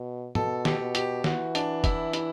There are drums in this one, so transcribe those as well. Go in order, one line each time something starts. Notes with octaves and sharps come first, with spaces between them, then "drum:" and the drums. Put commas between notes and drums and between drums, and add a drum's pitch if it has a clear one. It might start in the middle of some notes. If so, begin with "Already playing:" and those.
Already playing: B2
B2 A4, drum: tom
G4, drum: snare
B2
G4, drum: hi-hat
E3 F#4, drum: snare
D4, drum: hi-hat
E4, drum: kick E1, hi-hat
E4, drum: hi-hat